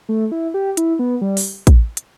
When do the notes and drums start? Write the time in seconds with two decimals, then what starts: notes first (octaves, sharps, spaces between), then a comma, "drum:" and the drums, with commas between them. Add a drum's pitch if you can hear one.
0.09 A3
0.32 E4
0.54 G4
0.77 E4, drum: hi-hat
0.99 B3
1.21 G3
1.37 drum: open hi-hat
1.67 drum: kick, hi-hat
1.97 drum: hi-hat